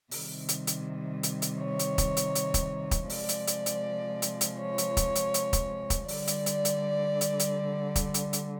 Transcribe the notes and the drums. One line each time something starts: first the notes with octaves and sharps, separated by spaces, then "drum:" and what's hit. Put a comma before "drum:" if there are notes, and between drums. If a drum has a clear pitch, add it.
C3 D#3 G3, drum: open hi-hat
drum: hi-hat
drum: hi-hat
drum: hi-hat
drum: hi-hat
C#5
drum: hi-hat
drum: kick, hi-hat
drum: hi-hat
drum: hi-hat
drum: kick, hi-hat
drum: kick, hi-hat
C3 F3 G#3 D5, drum: open hi-hat
drum: hi-hat
drum: hi-hat
drum: hi-hat
drum: hi-hat
drum: hi-hat
C#5
drum: hi-hat
drum: kick, hi-hat
drum: hi-hat
drum: hi-hat
drum: kick, hi-hat
drum: kick, hi-hat
D3 G3 D5, drum: open hi-hat
drum: hi-hat
drum: hi-hat
drum: hi-hat
drum: hi-hat
drum: hi-hat
drum: kick, hi-hat
drum: hi-hat
drum: hi-hat